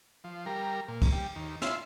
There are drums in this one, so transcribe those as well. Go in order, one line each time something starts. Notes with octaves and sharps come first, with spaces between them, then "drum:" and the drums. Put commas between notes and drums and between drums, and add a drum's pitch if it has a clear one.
F3
G3 A#4
A#2
drum: kick, cymbal
G3
D#2
E4 F4 E5 C6, drum: snare